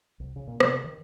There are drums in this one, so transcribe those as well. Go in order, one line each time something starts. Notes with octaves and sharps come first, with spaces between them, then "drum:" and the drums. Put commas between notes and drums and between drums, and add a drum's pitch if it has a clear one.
C2
C#3
A#2
C3, drum: rim click
D#3